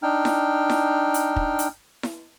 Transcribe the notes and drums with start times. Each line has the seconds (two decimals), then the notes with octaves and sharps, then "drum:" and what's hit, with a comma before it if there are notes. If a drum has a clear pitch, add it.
0.03 D4 D#4 G5 F6
0.25 drum: snare E4
0.70 drum: snare E4
1.14 drum: hi-hat
1.36 drum: kick
1.59 drum: hi-hat
2.03 drum: snare E4